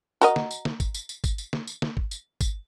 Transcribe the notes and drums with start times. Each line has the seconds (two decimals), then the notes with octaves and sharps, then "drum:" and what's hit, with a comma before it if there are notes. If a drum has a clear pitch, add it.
0.21 F#4 A#4 D#5, drum: tambourine
0.36 drum: snare
0.51 drum: tambourine
0.65 drum: snare
0.80 drum: kick, tambourine
0.94 drum: tambourine
1.09 drum: tambourine
1.24 drum: kick, tambourine
1.38 drum: tambourine
1.53 drum: snare
1.68 drum: tambourine
1.82 drum: snare
1.97 drum: kick
2.11 drum: tambourine
2.41 drum: kick, tambourine